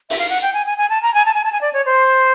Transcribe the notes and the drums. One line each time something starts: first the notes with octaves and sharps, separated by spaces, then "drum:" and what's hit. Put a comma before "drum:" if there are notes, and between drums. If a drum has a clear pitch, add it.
E5, drum: open hi-hat
F5
F#5
G5
G#5
G#5
G#5
A5
A#5
G#5
A5
G#5
A5
G#5
D5
C#5
C5